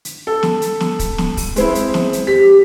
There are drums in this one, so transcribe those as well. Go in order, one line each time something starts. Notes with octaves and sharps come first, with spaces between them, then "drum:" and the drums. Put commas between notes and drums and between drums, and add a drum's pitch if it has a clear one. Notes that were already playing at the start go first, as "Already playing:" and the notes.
drum: hi-hat
A4
drum: snare
drum: hi-hat
drum: snare
drum: kick, hi-hat
drum: snare
drum: kick, open hi-hat
G#3 C4 E4, drum: hi-hat
drum: hi-hat
drum: snare
drum: hi-hat
G4 B6